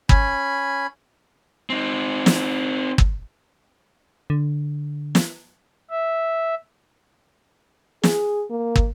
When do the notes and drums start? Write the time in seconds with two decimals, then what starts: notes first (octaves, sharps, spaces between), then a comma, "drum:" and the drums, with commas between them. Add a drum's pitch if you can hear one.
0.09 C#4 G#5 B5, drum: kick
1.70 C4 D#4
2.26 drum: snare
2.98 drum: kick
4.30 D3
5.15 drum: snare
5.90 E5
8.03 G#4, drum: snare
8.51 A#3
8.76 drum: kick